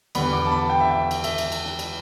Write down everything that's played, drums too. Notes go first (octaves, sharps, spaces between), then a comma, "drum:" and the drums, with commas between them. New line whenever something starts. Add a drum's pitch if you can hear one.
E2 D3 G3 B3 B5, drum: cymbal
D6
A5
B5
G5
E5
G5
drum: cymbal
E5, drum: cymbal
drum: cymbal
drum: cymbal
drum: snare
drum: cymbal